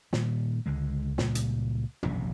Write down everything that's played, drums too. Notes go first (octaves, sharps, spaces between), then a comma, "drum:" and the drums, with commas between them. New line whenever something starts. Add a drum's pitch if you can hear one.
A#2 D#3 G3, drum: snare
C#2 D3 G#3
C#2 A#2 G3, drum: snare
drum: hi-hat
E1 A#1 C3 F#3, drum: tom